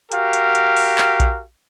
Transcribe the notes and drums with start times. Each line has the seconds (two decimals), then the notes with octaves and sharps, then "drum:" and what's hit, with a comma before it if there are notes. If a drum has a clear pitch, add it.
0.12 F#4 G4 A#4 F5, drum: hi-hat
0.33 drum: hi-hat
0.55 drum: hi-hat
0.76 drum: open hi-hat
0.98 drum: clap
1.20 drum: kick A#1, hi-hat